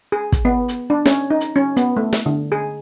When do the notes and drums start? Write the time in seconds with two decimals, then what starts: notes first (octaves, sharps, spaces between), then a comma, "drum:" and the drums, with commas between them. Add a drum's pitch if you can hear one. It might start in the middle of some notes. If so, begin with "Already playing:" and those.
0.12 G#4
0.32 drum: kick, hi-hat
0.45 B3
0.68 drum: hi-hat
0.90 D4
1.06 C#4, drum: snare
1.30 D#4
1.41 drum: hi-hat
1.56 C#4
1.77 B3, drum: hi-hat
1.97 A3
2.13 drum: snare
2.26 D3
2.52 G#4